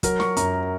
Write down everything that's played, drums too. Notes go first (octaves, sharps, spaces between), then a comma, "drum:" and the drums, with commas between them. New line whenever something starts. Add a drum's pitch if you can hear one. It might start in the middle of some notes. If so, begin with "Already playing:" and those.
F#3 A#4, drum: kick, hi-hat
F#3 C#6, drum: snare
F#2 A#5, drum: hi-hat